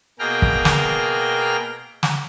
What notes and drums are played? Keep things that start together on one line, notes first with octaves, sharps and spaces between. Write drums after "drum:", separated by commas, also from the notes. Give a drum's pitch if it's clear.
B2 A#3 G#4 G5 A#5 F6
drum: kick
drum: snare
drum: snare